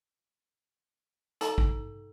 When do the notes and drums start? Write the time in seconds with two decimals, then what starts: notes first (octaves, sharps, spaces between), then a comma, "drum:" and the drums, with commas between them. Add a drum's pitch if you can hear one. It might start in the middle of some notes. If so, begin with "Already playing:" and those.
1.41 D#4 A4 A#5, drum: hi-hat
1.58 drum: kick